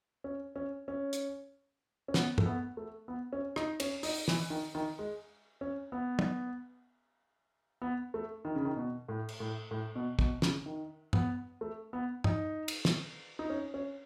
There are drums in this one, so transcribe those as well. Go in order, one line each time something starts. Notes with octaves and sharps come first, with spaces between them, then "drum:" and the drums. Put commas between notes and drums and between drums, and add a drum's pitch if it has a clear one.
C#4
C#4
C#4
drum: hi-hat
C#4
B3, drum: snare
A3, drum: tom
B3
A3
B3
C#4
D#4, drum: rim click
C#4, drum: cymbal
D#4, drum: open hi-hat
E3, drum: snare
D#3
D#3
G#3
C#4
B3
drum: tom
B3
A3
D#3
C#3
D#3
B2
A2
drum: cymbal
A2
A2
B2
B2, drum: kick
C#3, drum: snare
D#3
B3, drum: tom
A3
B3
D#4, drum: tom
drum: cymbal
drum: snare
D#4
C#4
C#4